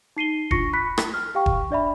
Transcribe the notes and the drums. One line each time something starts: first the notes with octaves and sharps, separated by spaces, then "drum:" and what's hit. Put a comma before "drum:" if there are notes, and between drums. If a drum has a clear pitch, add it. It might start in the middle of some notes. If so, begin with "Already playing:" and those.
D#4 C7 D#7 G7
D4 F4 C#6 A#6 C#7, drum: kick E1
B5 F#6 B6
drum: rim click
F6
G4 F5 G5 C#6
drum: kick E1
D4 D5 E5 B5